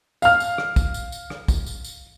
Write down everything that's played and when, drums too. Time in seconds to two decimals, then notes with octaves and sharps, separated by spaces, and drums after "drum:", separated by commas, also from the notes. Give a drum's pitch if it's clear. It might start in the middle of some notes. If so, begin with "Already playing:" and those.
0.22 F5 F6, drum: tambourine
0.40 drum: tambourine
0.58 drum: rim click
0.76 drum: kick, tambourine
0.94 drum: tambourine
1.12 drum: tambourine
1.30 drum: rim click
1.48 drum: kick, tambourine
1.66 drum: tambourine
1.84 drum: tambourine